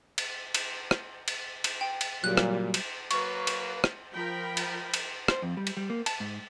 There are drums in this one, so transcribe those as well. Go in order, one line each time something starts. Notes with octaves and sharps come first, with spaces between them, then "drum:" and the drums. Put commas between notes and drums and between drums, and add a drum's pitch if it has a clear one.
drum: cymbal
drum: cymbal
drum: rim click
drum: cymbal
drum: cymbal
G5
drum: cymbal
A#2 C#3 F#3 G3 F#6
drum: rim click
drum: cymbal
F#3 A#3 B4 C#6, drum: cymbal
drum: cymbal
drum: rim click
F3 A#4 G5 B5
drum: cymbal
drum: cymbal
C5, drum: rim click
F2
G3
drum: cymbal
G3
A#3
A5, drum: cymbal
G#2